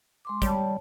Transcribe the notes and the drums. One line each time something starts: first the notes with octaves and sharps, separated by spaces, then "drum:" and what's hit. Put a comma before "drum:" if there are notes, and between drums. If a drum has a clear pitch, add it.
G#3 C6 D6
G3 C#5 A5, drum: kick, hi-hat